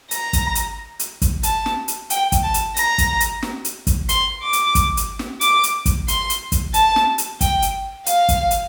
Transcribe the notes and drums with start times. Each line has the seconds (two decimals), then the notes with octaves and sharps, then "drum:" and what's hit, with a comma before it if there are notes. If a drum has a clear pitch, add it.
0.11 A#5, drum: hi-hat
0.33 drum: kick, hi-hat
0.55 drum: hi-hat
0.99 drum: hi-hat
1.22 drum: kick, hi-hat
1.43 A5, drum: hi-hat
1.66 drum: snare
1.88 drum: hi-hat
2.10 G5, drum: hi-hat
2.32 drum: kick, hi-hat
2.43 A5
2.54 drum: hi-hat
2.76 A#5, drum: hi-hat
2.98 drum: kick, hi-hat
3.20 drum: hi-hat
3.42 drum: snare
3.65 drum: hi-hat
3.87 drum: kick, hi-hat
4.09 C6, drum: hi-hat
4.42 D6
4.53 drum: hi-hat
4.75 drum: kick, hi-hat
4.97 drum: hi-hat
5.19 drum: snare
5.41 D6, drum: hi-hat
5.63 drum: hi-hat
5.86 drum: kick, hi-hat
6.08 C6, drum: hi-hat
6.30 drum: hi-hat
6.52 drum: kick, hi-hat
6.74 A5, drum: hi-hat
6.96 drum: snare
7.18 drum: hi-hat
7.41 G5, drum: kick, hi-hat
7.62 drum: hi-hat
8.06 F5, drum: hi-hat
8.29 drum: kick, hi-hat
8.51 drum: hi-hat